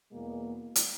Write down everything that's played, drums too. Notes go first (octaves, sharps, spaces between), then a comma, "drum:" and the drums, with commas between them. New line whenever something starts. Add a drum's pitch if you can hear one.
E2 B2 G#3 A#3
drum: hi-hat